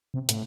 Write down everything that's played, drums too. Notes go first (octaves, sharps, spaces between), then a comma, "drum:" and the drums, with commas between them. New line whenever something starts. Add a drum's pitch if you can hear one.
C3
A2, drum: hi-hat